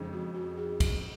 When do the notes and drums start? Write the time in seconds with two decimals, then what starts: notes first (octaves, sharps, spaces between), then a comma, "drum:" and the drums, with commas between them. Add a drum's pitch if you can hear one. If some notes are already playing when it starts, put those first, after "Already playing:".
Already playing: F2 C#3 G#3 D#4
0.13 F#4
0.35 F#4
0.58 G#4
0.80 drum: kick, cymbal